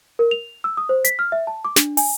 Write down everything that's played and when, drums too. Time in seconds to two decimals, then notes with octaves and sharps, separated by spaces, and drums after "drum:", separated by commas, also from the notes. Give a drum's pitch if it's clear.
0.19 A#4
0.31 F7
0.64 E6
0.77 D#6
0.89 C5
1.05 B6, drum: hi-hat
1.19 F6
1.32 E5
1.47 A5
1.65 D6
1.76 D4, drum: snare
1.97 G#5, drum: open hi-hat